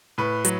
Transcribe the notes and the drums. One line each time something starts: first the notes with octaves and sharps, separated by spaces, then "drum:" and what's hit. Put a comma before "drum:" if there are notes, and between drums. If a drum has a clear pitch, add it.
A2 B4
F#3, drum: hi-hat